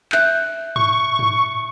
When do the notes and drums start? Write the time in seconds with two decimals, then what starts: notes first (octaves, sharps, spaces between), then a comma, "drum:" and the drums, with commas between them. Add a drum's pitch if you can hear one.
0.12 E5 F#6 G6, drum: clap
0.76 C#6, drum: tom G2
1.19 drum: tom G2